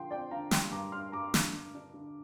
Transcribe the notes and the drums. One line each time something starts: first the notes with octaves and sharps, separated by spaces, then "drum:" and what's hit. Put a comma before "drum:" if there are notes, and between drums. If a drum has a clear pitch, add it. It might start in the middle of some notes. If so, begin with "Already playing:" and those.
Already playing: D3 F3 G5 C6
C4 D5 G5
D3 F5 A#5
G3 G5 C6, drum: snare
G2 A#5 D6
D4 C6 F6
G2 A#5 D6
D3, drum: snare
D3
D4
D3